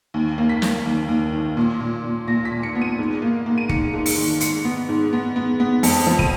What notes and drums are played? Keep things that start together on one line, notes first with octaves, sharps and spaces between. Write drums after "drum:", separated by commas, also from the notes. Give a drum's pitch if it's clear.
D#2
A#3
B6
A#3, drum: snare
D#2
D#2
D#3
A#2
A#2
A#2
A#2 A#6
B6
A#2
C#7
B3
D#7
G#2
A#3
A#3
D#7
G#2 C#7, drum: kick
G#2
C#7, drum: open hi-hat
D#3
G#2 C#7, drum: hi-hat
B3
G#2
B3
B3
B3
F2 C#7, drum: open hi-hat
F3
D#7, drum: kick